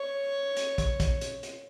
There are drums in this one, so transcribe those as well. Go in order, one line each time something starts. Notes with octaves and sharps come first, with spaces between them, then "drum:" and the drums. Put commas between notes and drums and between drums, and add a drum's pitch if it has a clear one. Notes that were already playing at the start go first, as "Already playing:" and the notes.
Already playing: C#5
drum: hi-hat
drum: kick, hi-hat
drum: kick, hi-hat
drum: hi-hat
drum: hi-hat